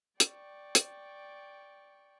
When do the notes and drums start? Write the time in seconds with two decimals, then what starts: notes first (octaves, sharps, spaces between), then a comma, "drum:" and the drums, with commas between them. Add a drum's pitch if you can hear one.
0.20 D5 G5 C#6, drum: hi-hat
0.75 drum: hi-hat